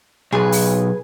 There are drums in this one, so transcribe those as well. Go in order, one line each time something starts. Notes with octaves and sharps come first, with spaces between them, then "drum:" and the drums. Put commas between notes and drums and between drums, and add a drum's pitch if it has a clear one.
B1 G#4 B4
drum: open hi-hat